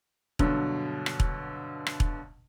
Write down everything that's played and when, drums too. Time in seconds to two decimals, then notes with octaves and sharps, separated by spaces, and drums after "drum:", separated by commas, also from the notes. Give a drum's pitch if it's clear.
0.39 G2 B2 D3 F#3, drum: kick E1
1.06 drum: rim click
1.20 drum: kick E1
1.87 drum: rim click
2.00 drum: kick E1